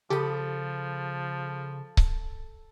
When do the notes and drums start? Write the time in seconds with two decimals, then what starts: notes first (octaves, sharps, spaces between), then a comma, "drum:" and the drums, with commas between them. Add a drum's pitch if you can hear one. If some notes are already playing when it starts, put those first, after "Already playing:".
0.10 C#3 F3 G4 A4 B5 D#6
1.97 drum: kick C#1